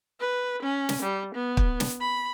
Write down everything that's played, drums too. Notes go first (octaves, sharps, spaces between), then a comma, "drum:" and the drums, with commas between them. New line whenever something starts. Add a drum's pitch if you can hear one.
B4
C#4
drum: snare
G3
B3
drum: kick
drum: snare
B5